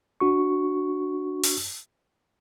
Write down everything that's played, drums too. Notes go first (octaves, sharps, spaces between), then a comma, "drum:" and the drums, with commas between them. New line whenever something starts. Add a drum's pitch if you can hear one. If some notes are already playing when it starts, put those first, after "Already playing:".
D4 F#4 C#6
drum: open hi-hat